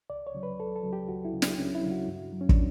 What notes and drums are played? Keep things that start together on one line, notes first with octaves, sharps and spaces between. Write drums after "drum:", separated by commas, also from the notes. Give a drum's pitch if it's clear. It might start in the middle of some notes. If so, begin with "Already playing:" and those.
C#2 D5
C#5
C#3 F#3
B4
C#2 A4
A4
C#3 F#3
G4
C#2 F#4
E4
C#3 F#3
D4, drum: snare
C#2 C#4
E4
C#3 F#3
F#4
G2
F#3
C#4
D4, drum: kick